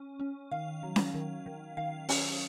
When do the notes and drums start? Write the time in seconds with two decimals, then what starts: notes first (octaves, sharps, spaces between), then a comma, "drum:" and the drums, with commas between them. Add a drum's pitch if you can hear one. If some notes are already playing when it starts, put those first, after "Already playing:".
Already playing: C#4
0.20 C#4
0.51 D#3 F5
0.83 F#3
0.96 drum: snare C#4
1.14 D#3
1.46 D#3
1.77 D#3 F5
2.09 C#4, drum: open hi-hat